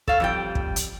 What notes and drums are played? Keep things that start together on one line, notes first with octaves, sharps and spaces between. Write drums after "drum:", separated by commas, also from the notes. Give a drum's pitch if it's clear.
A4 C#5 F5, drum: kick
F2 G3 G5
drum: kick
drum: hi-hat